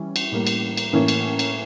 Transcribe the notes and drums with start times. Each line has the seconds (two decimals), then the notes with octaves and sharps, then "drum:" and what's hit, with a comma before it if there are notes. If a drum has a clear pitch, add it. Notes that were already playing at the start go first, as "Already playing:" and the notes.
Already playing: E3 G3 C#4
0.16 drum: cymbal
0.32 A2 G3 A#3
0.47 drum: cymbal
0.77 drum: cymbal
0.93 A2 E3 A#3 C#4
1.08 drum: cymbal
1.39 drum: cymbal